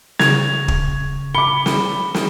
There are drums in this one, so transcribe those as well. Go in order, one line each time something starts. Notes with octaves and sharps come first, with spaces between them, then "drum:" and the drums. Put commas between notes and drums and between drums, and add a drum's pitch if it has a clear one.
C#3 C#6 G#6 F7, drum: snare
drum: kick
B5 D6 C#7 G7
drum: snare
drum: snare